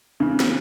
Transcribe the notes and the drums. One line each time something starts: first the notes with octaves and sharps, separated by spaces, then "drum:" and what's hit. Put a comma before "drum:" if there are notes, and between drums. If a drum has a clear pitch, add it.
C#3 E3
drum: snare